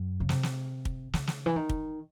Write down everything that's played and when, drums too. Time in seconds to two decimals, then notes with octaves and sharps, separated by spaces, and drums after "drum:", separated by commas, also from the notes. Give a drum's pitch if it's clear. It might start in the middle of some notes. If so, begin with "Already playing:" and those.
Already playing: F#2
0.20 C#3
0.29 C3, drum: snare
0.43 drum: snare
0.85 drum: kick
1.13 C#3, drum: snare
1.27 drum: snare
1.46 E3
1.56 D#3
1.69 drum: kick